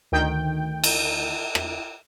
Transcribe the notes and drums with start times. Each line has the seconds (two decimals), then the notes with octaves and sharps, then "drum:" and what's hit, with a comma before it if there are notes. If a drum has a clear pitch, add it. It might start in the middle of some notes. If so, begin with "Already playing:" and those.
0.12 D2 D#3 G5 G6
0.84 drum: cymbal
1.55 drum: rim click